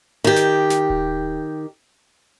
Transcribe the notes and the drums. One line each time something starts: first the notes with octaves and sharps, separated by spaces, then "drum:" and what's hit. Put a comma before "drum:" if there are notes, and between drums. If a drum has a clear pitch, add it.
D#3 G4
drum: snare
drum: snare
drum: kick D1